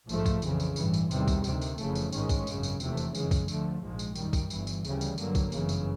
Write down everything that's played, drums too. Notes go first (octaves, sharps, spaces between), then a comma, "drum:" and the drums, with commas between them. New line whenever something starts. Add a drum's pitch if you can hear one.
A#1 G#2 F3 A3, drum: tambourine
drum: kick, tambourine
F2 C#3 E3, drum: tambourine
drum: tambourine
A1 G2 E3, drum: tambourine
drum: tambourine
E2 C3 D#3 G3, drum: tambourine
drum: kick, tambourine
D2 C3 D#3, drum: tambourine
drum: tambourine
F1 F2 C#3 E3 A3, drum: tambourine
drum: tambourine
A1 G#2 D#3 G#3 C#4, drum: tambourine
drum: kick, tambourine
G#1 F#2 C#3, drum: tambourine
drum: tambourine
F1 E2 C3 E3 A3, drum: tambourine
drum: tambourine
F#2 C#3 E3 G#3, drum: tambourine
drum: kick, tambourine
D2 D3 F3 A3, drum: tambourine
A#1 G#2 F3 G#3
drum: tambourine
F#2 D#3 G3, drum: tambourine
drum: kick, tambourine
G1 G2 E3, drum: tambourine
drum: tambourine
D2 C#3 E3 G3, drum: tambourine
drum: tambourine
G2 D3 F#3 A#3, drum: tambourine
drum: kick, tambourine
G1 F#2 C#3 E3, drum: tambourine
drum: tambourine